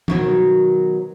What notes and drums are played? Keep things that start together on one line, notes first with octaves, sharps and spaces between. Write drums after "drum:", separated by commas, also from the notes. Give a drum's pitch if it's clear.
B2 D#3 F#3, drum: tom D#3